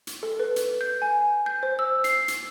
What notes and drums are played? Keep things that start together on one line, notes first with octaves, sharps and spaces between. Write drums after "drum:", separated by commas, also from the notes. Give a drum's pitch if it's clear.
drum: hi-hat
A4
B4
drum: hi-hat
G6
G#5
G6
C5
E6
C7, drum: hi-hat
drum: hi-hat